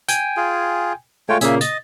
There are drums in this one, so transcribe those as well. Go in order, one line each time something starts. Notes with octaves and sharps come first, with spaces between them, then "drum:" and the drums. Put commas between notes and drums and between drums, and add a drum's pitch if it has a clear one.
G5 G#5, drum: hi-hat
F4 G#4
G#3 A3 F4 C#5 G5
A#2 C#3 A#3 G#4 E5 G#5, drum: hi-hat
D#5 A6, drum: hi-hat